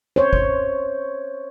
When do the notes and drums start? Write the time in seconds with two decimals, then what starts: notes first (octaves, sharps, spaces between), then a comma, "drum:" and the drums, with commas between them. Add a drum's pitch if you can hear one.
0.16 C5 C#5
0.33 drum: kick G1